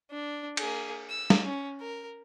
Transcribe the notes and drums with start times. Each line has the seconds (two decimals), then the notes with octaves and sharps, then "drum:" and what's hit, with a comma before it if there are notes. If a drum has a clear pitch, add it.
0.11 D4
0.57 A#3 G#4, drum: cymbal
1.10 E6
1.30 drum: snare
1.43 C#4
1.81 A#4